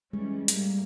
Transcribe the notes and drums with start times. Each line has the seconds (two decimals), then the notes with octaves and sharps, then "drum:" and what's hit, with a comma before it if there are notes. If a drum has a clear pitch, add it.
0.13 E3 G3 G#3 C#4
0.48 A2 G3 A#3, drum: hi-hat